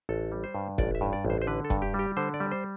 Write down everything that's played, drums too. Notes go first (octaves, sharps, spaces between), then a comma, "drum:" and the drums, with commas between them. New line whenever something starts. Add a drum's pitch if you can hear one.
A1 A4
G3
C5
G2
A1 D5, drum: kick
E5
G2
D5
A1
C5
C5
D3 B4
A4
G2, drum: kick
G4
G3
G4
D3 C5
D5
G3
C5